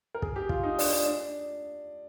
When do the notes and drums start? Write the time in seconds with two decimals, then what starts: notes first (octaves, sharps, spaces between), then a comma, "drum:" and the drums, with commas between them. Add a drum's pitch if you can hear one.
0.15 A#4
0.22 G#4, drum: kick
0.36 G4
0.49 F4, drum: kick
0.63 D#4
0.79 D4, drum: open hi-hat
0.93 D4
1.06 D4